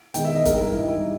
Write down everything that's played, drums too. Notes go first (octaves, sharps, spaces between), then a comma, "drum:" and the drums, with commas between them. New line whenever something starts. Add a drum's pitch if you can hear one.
E2 D#3 G#3 G5, drum: hi-hat
E5
D#5
G2 E3 G#3 A#4, drum: kick, hi-hat
E4
G#2 G3 D#4
E4